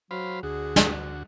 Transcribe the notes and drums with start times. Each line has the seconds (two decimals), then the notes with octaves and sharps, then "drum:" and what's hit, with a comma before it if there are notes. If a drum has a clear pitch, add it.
0.11 F#3 C5 F5 B5
0.43 D2 F#4 G#4
0.76 drum: snare